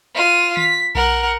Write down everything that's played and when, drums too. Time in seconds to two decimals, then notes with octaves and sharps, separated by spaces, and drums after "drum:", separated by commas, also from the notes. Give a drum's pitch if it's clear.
0.15 F4 D#7
0.57 B6, drum: tom D#3
0.95 A#4 F#5, drum: kick B1